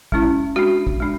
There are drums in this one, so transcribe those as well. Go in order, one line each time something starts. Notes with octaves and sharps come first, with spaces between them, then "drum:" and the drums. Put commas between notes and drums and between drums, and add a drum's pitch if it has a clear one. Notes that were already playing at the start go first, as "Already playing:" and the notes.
G#3 C#4 E4, drum: kick
G#3 D4 F#4
drum: kick
G#3 D4